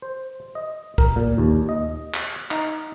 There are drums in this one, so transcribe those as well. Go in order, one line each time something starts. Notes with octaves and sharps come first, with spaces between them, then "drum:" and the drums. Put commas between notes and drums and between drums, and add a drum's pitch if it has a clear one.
C5
D#5
A#4, drum: kick
A#2
D#2
D#5
drum: clap
D#4, drum: clap